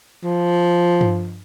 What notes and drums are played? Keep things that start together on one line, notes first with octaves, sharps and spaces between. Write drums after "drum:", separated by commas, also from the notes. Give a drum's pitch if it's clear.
F3
drum: tom G2